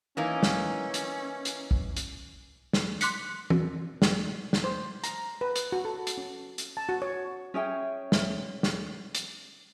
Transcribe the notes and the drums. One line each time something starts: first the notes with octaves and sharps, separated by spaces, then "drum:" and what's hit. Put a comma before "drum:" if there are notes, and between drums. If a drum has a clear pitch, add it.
E3 A#3 C#4 D#4
drum: snare
drum: hi-hat
drum: hi-hat
drum: kick
drum: hi-hat
drum: snare
C6 D6 F#6 B6 C#7, drum: hi-hat
drum: tom E3
drum: snare
drum: snare
C5
A#5, drum: hi-hat
B4
drum: hi-hat
F#4
A4
drum: hi-hat
C#4
drum: hi-hat
A5
F#4
C#5
C#4 G#4 E5 G5
drum: snare
drum: snare
drum: hi-hat